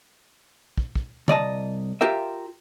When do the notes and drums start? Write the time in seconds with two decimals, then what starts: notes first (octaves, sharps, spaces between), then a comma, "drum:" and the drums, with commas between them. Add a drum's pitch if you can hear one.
0.78 drum: kick
0.95 drum: kick
1.28 C2 D5 D#5 A5, drum: tom
2.01 F4 G4 A#4 E5